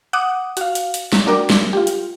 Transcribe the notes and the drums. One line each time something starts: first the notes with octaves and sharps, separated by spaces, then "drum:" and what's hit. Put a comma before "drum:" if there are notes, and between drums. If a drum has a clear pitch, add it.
F#5 D6 D#6
F#4 F5, drum: hi-hat
drum: hi-hat
drum: hi-hat
drum: snare
D4 F#4 A#4 D5 G5 D6
drum: snare
F4 G4
drum: hi-hat